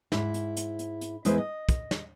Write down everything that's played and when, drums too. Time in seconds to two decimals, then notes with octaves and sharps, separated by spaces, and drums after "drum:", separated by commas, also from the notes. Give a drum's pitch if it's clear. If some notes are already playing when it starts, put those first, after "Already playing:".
0.12 G#2 E4, drum: snare
0.34 drum: hi-hat
0.57 drum: hi-hat
0.79 drum: hi-hat
1.01 drum: hi-hat
1.25 E2 G#3 E4 B4 C5, drum: hi-hat
1.38 D#5
1.69 drum: kick, hi-hat
1.91 drum: snare